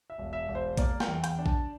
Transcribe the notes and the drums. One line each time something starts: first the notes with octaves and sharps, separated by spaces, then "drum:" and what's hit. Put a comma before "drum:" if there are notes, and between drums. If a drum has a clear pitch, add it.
E5
E1
E5
E1
C5
A#3 D5, drum: kick A1, hi-hat
G5, drum: snare
E2
G5, drum: hi-hat
D4
A5, drum: kick A1